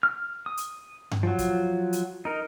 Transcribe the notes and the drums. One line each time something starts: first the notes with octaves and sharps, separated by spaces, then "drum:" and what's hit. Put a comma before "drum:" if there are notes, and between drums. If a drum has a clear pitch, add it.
F6
D#6
drum: hi-hat
drum: tom G2
F3 F#3
drum: kick, hi-hat
drum: hi-hat
D#4 A#4